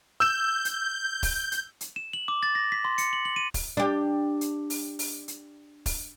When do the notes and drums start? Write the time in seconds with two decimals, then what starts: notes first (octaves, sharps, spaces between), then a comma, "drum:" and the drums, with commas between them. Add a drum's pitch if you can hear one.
0.20 E6 G6 E7
0.65 drum: hi-hat
1.23 drum: kick, open hi-hat
1.52 drum: hi-hat
1.81 drum: hi-hat
1.96 E7
2.13 F#7
2.28 D6
2.43 A6
2.55 A#6
2.72 B6
2.85 C6
2.98 C#7, drum: hi-hat
3.13 F#7
3.25 F#7
3.36 D#7
3.54 drum: kick, open hi-hat
3.77 D4 G4
4.41 drum: hi-hat
4.70 drum: open hi-hat
4.99 drum: open hi-hat
5.28 drum: hi-hat
5.86 drum: kick, open hi-hat